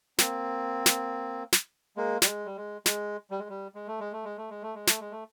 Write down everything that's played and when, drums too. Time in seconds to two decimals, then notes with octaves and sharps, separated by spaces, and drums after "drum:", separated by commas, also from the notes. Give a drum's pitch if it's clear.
0.18 A#3 C4, drum: snare
0.86 drum: snare
1.53 drum: snare
1.96 G#3 A#3
2.22 G3, drum: snare
2.26 G#3
2.46 G3
2.57 G#3
2.86 G#3, drum: snare
3.31 G3
3.39 G#3
3.49 G3
3.75 G#3
3.87 A3
4.00 G#3
4.12 A3
4.25 G#3
4.37 A3
4.50 G#3
4.62 A3
4.75 G#3
4.87 A3, drum: snare
5.00 G#3
5.11 A3